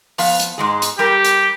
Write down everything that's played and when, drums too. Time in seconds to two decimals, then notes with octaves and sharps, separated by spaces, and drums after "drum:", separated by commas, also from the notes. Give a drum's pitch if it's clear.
0.18 F3 B3 F5, drum: open hi-hat
0.40 drum: hi-hat
0.58 G#2 G#3 G#4
0.82 drum: hi-hat
0.99 G3 G4 A#4
1.25 drum: hi-hat